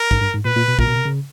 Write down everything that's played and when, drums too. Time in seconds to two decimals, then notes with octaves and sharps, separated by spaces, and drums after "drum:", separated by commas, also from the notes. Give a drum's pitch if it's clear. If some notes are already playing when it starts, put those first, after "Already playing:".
Already playing: A#4
0.11 G#2, drum: kick
0.21 G2
0.34 G#2
0.45 A#2 B4
0.56 A#2
0.68 B2
0.79 A#2 A#4, drum: kick
0.87 B2
0.96 C3
1.05 C#3